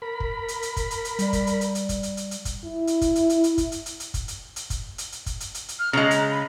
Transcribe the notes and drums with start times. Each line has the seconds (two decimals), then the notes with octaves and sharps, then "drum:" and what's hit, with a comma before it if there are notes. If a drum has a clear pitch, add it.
0.02 A#4 B5
0.20 drum: kick
0.48 drum: hi-hat
0.62 drum: hi-hat
0.76 drum: kick, hi-hat
0.91 drum: hi-hat
1.05 drum: hi-hat
1.19 G3 D5, drum: hi-hat
1.33 drum: kick, hi-hat
1.47 drum: hi-hat
1.61 drum: hi-hat
1.75 drum: hi-hat
1.89 drum: kick, hi-hat
2.03 drum: hi-hat
2.17 drum: hi-hat
2.31 drum: hi-hat
2.45 drum: kick, hi-hat
2.65 E4
2.87 drum: hi-hat
3.01 drum: kick, hi-hat
3.15 drum: hi-hat
3.30 drum: hi-hat
3.44 drum: hi-hat
3.58 drum: kick, hi-hat
3.72 drum: hi-hat
3.86 drum: hi-hat
4.00 drum: hi-hat
4.14 drum: kick, hi-hat
4.28 drum: hi-hat
4.56 drum: hi-hat
4.70 drum: kick, hi-hat
4.98 drum: hi-hat
5.12 drum: hi-hat
5.26 drum: kick, hi-hat
5.40 drum: hi-hat
5.54 drum: hi-hat
5.68 drum: hi-hat
5.79 F6
5.93 C#3 G#3 A#5
6.11 drum: hi-hat
6.31 B5